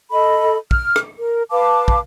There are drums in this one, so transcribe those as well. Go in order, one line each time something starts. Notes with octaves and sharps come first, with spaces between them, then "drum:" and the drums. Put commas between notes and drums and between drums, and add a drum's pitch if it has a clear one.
A4 D#5 B5
F6, drum: kick
drum: rim click
A#4
B4 F5 A5 D6
drum: kick